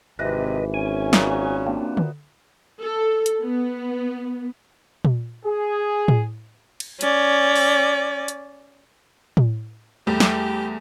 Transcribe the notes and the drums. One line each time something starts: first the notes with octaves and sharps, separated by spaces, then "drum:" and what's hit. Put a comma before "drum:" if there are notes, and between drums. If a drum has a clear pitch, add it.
G#1 C3 E3 B4 D#5
C#4 G#5
A#2 F#3 B3, drum: snare
A#3 C4 D4
drum: tom D3
A4
drum: hi-hat
B3
drum: tom A#2
G#4
drum: tom A2
drum: cymbal
C#4 D5, drum: hi-hat
drum: open hi-hat
drum: hi-hat
drum: tom A2
E2 G3 A3 G4
drum: snare